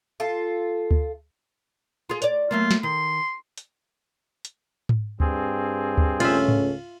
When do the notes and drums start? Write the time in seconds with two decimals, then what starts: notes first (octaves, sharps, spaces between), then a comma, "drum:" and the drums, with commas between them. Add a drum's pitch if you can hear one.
0.20 F4 A4
0.91 drum: kick D2
2.09 F4 G#4
2.22 C#5 D5, drum: hi-hat
2.51 F#3 A3 A#3 F4
2.71 drum: snare
2.83 D#3 C6
3.58 drum: hi-hat
4.45 drum: hi-hat
4.89 drum: tom G#2
5.20 G2 C4 G#4, drum: kick D2
5.98 drum: kick D2
6.20 C#2 A3 C#4 F4 E5, drum: cymbal
6.48 drum: tom G#2